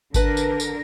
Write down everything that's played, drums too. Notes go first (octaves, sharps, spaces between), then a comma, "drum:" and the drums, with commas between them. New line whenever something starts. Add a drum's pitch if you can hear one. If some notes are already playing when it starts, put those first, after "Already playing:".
D3 A#4 B4 A5, drum: kick G#1, tambourine
drum: tambourine
drum: tambourine